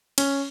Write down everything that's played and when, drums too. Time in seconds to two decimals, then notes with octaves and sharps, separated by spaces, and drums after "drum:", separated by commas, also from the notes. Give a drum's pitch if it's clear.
0.18 C#4, drum: cymbal